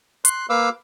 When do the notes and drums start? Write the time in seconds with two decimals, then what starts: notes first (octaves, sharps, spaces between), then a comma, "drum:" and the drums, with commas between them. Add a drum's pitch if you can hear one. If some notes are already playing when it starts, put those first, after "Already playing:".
0.25 C6 F#6, drum: hi-hat
0.50 A#3 B4 F5 D6 E6